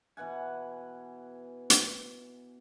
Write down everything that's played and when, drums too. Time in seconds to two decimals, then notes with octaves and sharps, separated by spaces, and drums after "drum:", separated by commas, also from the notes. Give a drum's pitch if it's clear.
0.17 B2 E3 F#5 G#5
1.70 drum: hi-hat